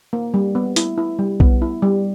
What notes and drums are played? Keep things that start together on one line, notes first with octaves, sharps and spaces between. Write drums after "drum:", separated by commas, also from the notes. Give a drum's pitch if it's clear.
A#3
G3
B3
E4, drum: hi-hat
E4
G3
B3, drum: kick B1
E4
G3